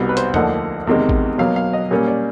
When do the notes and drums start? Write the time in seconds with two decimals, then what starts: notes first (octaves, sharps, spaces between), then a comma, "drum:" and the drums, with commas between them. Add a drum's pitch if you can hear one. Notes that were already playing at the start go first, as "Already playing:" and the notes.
Already playing: C2 B2 G3 B3 D#4 F#4
0.09 B4
0.17 C5, drum: hi-hat
0.34 D2 D3 F3 A#3 D#4 F#5, drum: tom
0.87 E2 C3 D#3 G#3
1.09 drum: kick A1
1.38 B2 F#3 A#3 F5
1.56 F5
1.73 D#5
1.91 A#2 G3 A#3 C#4
2.08 D5